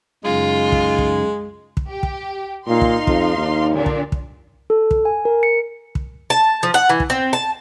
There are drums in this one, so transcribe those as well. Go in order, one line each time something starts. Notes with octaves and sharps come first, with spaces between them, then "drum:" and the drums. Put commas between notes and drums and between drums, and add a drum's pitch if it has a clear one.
F#2 C#3 G#3 D#4 F4
drum: kick
drum: kick
drum: kick
G4
drum: kick
A#2 D#4 F5 C6
drum: kick
F2, drum: kick
D#2
A#2 D3 D4
drum: kick
drum: kick
A4
drum: kick
G#5
A#4
C#7
drum: kick
A5
F3
F#5
E3
drum: kick
C4
A5